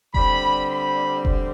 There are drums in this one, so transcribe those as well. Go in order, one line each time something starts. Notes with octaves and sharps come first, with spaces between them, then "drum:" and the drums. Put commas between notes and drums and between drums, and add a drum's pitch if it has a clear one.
D3 G3 C4 B5, drum: kick F1
B5
drum: kick F1